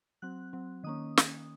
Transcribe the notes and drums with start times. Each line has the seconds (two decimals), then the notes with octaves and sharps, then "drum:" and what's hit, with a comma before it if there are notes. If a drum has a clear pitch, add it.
0.22 F#3 C4 F#6
0.53 F#3 C4
0.83 D#3 A#3 C#4 D#6
1.17 drum: snare